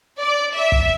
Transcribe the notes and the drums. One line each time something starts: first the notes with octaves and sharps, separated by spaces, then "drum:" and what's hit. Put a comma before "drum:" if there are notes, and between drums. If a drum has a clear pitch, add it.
D5
E5
drum: kick